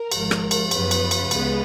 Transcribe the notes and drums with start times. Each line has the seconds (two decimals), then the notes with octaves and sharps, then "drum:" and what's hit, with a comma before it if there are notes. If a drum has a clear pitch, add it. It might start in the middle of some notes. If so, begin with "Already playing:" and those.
Already playing: A#4
0.12 G#1 G#2 F3, drum: cymbal
0.31 drum: rim click
0.51 drum: cymbal
0.71 F#2 C#3 F3 B3 B4, drum: cymbal
0.91 drum: cymbal
1.11 drum: cymbal
1.31 C#2 C#3 G#3 B3, drum: cymbal